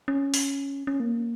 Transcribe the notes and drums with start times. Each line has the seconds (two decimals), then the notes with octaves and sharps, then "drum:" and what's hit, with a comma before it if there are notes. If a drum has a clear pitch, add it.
0.08 C#4
0.34 drum: open hi-hat
0.87 C#4
1.00 A#3